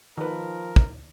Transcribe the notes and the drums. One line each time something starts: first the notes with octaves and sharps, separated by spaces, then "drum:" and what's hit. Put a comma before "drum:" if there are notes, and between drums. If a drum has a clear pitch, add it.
D#3 F3 A#4 B4
drum: kick